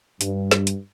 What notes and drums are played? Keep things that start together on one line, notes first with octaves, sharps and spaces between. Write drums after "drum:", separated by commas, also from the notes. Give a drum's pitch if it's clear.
G2, drum: hi-hat
drum: snare
drum: hi-hat